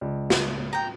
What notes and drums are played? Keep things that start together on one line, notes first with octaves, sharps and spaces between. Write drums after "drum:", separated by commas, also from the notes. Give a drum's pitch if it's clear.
C#2 D5
drum: snare
G5 A#5